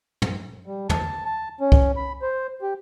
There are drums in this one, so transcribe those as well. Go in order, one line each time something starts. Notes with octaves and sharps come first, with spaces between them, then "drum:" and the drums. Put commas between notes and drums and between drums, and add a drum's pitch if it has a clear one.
drum: tom
G3
A5, drum: tom
A5
C#4
drum: kick C2
B5
C5
G4